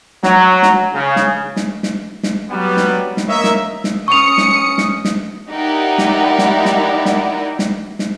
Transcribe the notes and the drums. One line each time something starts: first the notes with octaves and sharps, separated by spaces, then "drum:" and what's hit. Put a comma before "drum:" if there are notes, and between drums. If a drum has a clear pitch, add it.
F#3, drum: snare
drum: snare
C#3
drum: snare
drum: snare
drum: snare
drum: snare
F#3 G3 B3
drum: snare
drum: snare
A#3 A#4 C#5 D#5 E5
drum: snare
drum: snare
C#4 C#6 D#6 C#7 F7
drum: snare
drum: snare
drum: snare
D#4 E4 G4 A#4 D5 F#5
drum: snare
drum: snare
drum: snare
drum: snare
drum: snare
drum: snare